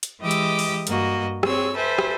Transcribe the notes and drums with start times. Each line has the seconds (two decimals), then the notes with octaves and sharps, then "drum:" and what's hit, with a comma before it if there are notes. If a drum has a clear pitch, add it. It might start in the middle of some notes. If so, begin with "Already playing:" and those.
0.03 drum: hi-hat
0.20 E3 G#3 G4 D#5 D6 E6
0.31 drum: hi-hat
0.59 drum: open hi-hat
0.87 G2 A#3 F#4 D#5, drum: hi-hat
1.43 C4 G#4 C#5 E6, drum: rim click
1.76 A4 B4 C5 E5 G#5
1.98 drum: rim click